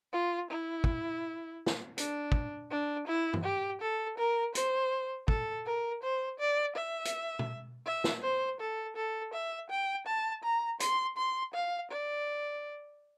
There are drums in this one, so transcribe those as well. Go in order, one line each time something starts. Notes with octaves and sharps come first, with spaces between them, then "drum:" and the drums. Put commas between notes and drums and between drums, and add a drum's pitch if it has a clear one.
F4
E4
drum: kick
drum: snare
D4, drum: hi-hat
drum: kick
D4
E4
drum: tom G2
G4
A4
A#4
C5, drum: hi-hat
A4, drum: kick
A#4
C5
D5
E5
drum: hi-hat
drum: tom
E5
drum: snare
C5
A4
A4
E5
G5
A5
A#5
C6, drum: hi-hat
C6
F5
D5